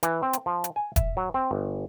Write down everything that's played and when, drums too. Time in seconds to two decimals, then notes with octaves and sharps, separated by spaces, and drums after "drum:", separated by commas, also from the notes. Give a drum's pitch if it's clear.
0.03 E3, drum: hi-hat
0.23 C4
0.33 drum: hi-hat
0.46 F3
0.64 drum: hi-hat
0.76 G#5
0.96 E5, drum: kick E1, hi-hat
1.17 F#3
1.34 C4
1.51 G1